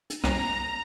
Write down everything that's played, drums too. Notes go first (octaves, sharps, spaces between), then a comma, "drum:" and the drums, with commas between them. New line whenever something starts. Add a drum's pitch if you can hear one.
drum: hi-hat
C2 A#5, drum: rim click